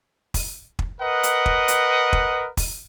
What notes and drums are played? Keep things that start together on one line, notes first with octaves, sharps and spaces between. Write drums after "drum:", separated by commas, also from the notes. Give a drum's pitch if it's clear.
drum: kick, open hi-hat
drum: kick
A#4 B4 D#5 F#5
drum: hi-hat
drum: kick
drum: hi-hat
drum: kick
drum: kick, open hi-hat